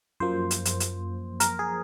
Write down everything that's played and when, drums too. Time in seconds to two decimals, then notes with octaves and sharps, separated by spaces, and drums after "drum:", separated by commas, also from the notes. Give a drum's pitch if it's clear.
0.20 F#2 F3 A#3 C5
0.51 drum: hi-hat
0.65 drum: hi-hat
0.80 drum: hi-hat
1.40 A#4, drum: hi-hat
1.59 G#4